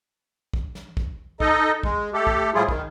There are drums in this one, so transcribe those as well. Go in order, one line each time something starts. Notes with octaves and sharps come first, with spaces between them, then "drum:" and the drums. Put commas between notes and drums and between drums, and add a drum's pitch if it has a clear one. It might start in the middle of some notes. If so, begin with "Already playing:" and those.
drum: kick
drum: snare
drum: kick
D#4 A4 D#5, drum: kick
G#3, drum: kick
A3 G4 A4
drum: kick
A2 F3 G3 E4 F4 G#4
D#3, drum: kick